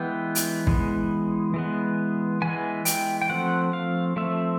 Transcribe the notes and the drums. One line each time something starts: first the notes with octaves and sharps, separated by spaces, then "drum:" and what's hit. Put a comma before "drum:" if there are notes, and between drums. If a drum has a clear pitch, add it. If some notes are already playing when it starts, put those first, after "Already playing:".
Already playing: E3 G#3 B3 G5
drum: hi-hat
E3 G#3 B3, drum: kick
E3 G#3 B3
E3 G#3 B3 G#5
G5, drum: hi-hat
G5
F3 A3 C4 F#5
F5
F3 A3 C4 E5